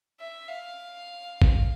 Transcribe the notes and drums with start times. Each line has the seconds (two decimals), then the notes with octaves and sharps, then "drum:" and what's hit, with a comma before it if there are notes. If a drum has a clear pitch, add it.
0.20 E5
0.48 F5
1.42 drum: kick